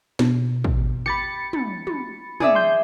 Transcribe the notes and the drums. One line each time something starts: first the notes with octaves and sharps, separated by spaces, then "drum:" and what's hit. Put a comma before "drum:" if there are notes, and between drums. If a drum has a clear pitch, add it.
B2, drum: snare
drum: kick
G4 B5 A6 C#7
drum: tom
drum: tom
G#4 D5 E5, drum: tom
C6 G6